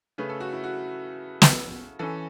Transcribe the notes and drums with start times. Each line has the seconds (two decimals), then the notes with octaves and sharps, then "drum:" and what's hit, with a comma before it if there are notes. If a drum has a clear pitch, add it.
0.18 C#3 A3 C#4 B4
0.29 A4
0.40 F#4
0.52 E4
0.64 F#4
1.42 drum: snare
1.99 E3 C#4 A4